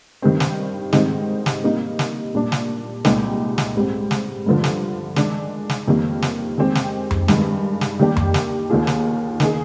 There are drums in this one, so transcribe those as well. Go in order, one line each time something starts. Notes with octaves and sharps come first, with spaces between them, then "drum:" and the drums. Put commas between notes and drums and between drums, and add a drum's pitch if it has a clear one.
G2 D#3 G3 C4
drum: snare
G#2 D#3 G3 C4 D#4, drum: snare
drum: snare
C3 G3 A#3 D#4
drum: snare
A#2 G3 A#3 D4
drum: snare
C2 A#2 G#3 D#4 G4, drum: snare
drum: snare
G#2 G3 C4
drum: snare
G2 D3 F3
drum: snare
D#3 G#3 D4, drum: snare
drum: snare
F2 D#3 G3 A#3
drum: snare
D#3 G#3 C4 G4
drum: snare
drum: tom F2
G2 D#3 G#3, drum: snare
drum: snare
D#3 G3 A#3 D4 G4
drum: tom F2
drum: snare
D#2 D#3 A#3 F4 G#4
drum: snare
D#3 A#3 D#4 G#4, drum: snare